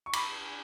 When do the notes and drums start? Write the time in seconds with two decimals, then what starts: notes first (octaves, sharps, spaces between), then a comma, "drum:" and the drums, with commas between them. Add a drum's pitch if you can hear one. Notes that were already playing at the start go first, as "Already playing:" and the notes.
0.06 C#6
0.13 B5 D6, drum: cymbal